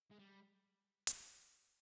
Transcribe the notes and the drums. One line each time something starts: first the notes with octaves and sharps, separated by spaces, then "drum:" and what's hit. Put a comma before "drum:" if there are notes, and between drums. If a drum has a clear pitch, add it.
G#3
G3
drum: hi-hat